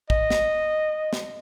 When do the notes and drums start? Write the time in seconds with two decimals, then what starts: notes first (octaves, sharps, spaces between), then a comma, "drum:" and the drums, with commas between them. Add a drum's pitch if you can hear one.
0.10 D#5, drum: kick
0.30 drum: snare
1.13 drum: snare